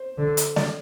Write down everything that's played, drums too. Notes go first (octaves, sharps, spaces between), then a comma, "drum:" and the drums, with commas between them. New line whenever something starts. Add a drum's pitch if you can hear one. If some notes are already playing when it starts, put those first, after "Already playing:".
Already playing: C5
D3
drum: hi-hat
D5, drum: snare